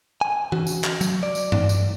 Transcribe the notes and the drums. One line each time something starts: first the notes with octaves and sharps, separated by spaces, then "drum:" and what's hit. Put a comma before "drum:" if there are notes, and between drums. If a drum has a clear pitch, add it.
G#5
F#4, drum: tom E3
drum: tambourine
drum: clap
F#3, drum: tambourine
D5
drum: tambourine
drum: tom G2
drum: tambourine